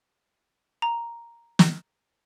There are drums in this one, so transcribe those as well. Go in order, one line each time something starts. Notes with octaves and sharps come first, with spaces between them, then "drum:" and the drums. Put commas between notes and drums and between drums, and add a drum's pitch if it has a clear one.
A#5
drum: snare